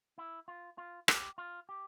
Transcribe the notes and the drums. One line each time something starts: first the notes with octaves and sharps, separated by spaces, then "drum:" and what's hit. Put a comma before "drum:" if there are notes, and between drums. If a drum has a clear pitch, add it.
E4
F4
F4
G4, drum: rim click
F4
G4